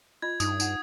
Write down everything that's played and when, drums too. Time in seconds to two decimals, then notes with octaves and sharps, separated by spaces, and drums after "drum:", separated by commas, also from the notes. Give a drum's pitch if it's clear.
0.22 F4 D#5 G#6
0.40 G2 D#4 D#6, drum: tambourine
0.60 D#4 F#5, drum: tambourine